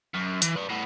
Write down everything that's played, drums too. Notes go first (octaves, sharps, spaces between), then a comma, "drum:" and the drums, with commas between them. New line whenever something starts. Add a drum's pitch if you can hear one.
F#2
E3, drum: hi-hat
B4 D5
A2 B3